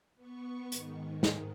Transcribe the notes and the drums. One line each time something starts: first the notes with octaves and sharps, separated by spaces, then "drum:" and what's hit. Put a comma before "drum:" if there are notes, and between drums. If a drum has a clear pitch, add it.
B3 C#6
G#2 D#3, drum: hi-hat
drum: snare